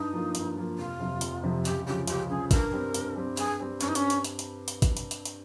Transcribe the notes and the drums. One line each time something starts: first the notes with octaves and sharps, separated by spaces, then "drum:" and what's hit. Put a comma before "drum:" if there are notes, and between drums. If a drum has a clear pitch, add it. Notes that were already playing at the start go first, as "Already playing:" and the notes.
Already playing: G2 D#4
F3 A#3 F4
G2, drum: hi-hat
F3 A#3 F4
F1 F4
F2 C3 F3
F1, drum: hi-hat
F2 C3 F3
C#2 G4, drum: hi-hat
C#3 F3 G4
C#2 G4, drum: hi-hat
C#3 F3 G#4
G2 A#4, drum: kick A1, hi-hat
G3 C4
G2, drum: hi-hat
G3 C4
G2 G#4, drum: hi-hat
G3 C4
G2 C#4, drum: hi-hat
D#4
C#4, drum: hi-hat
drum: hi-hat
drum: hi-hat
drum: hi-hat
drum: hi-hat
drum: kick A1, hi-hat
drum: hi-hat
drum: hi-hat
drum: hi-hat